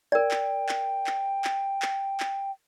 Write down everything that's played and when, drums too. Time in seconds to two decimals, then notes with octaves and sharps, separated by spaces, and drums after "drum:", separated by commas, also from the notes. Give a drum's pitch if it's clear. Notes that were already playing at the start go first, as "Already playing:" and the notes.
0.12 A#4 D5 G5
0.31 drum: clap
0.69 drum: clap
1.07 drum: clap
1.44 drum: clap
1.82 drum: clap
2.20 drum: clap